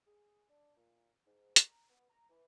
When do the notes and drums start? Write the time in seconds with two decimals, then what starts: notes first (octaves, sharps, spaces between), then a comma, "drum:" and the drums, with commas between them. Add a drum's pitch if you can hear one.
0.07 G#4
0.49 D4
0.76 A#2
1.27 G#2
1.56 A#5, drum: hi-hat
1.89 B3
2.10 A#5
2.29 E3